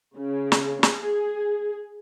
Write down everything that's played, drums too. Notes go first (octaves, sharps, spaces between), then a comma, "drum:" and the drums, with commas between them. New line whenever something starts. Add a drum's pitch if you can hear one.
C#3
drum: snare
G#4, drum: snare